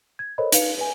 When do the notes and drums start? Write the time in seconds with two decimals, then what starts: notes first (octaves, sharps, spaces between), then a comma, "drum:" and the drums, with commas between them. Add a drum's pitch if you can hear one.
0.19 G#6
0.38 A4 A#4 C5 C#5 D#5 B5
0.52 D#4 B4 F5 C#7 F7, drum: hi-hat
0.78 B4 G#5